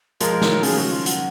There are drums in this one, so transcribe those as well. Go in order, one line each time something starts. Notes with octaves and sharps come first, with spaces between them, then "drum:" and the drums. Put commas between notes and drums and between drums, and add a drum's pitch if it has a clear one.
F3 G#3 A#4, drum: hi-hat
F3
D#3 F#3, drum: snare
C#3 F3 G#4, drum: open hi-hat
F#4
F4
F#3, drum: hi-hat